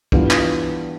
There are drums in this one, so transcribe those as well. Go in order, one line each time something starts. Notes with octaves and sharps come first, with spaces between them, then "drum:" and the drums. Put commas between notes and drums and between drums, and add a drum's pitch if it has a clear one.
G2 E3 B3 F4, drum: kick
drum: clap